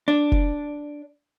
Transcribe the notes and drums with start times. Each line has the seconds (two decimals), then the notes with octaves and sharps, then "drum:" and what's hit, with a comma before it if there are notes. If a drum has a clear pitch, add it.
0.08 D4
0.32 drum: kick F1